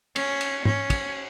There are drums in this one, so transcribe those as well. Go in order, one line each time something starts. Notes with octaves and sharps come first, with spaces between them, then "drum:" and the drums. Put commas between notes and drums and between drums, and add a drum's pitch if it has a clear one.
C#4, drum: cymbal
drum: cymbal
C#4, drum: tom
drum: kick, cymbal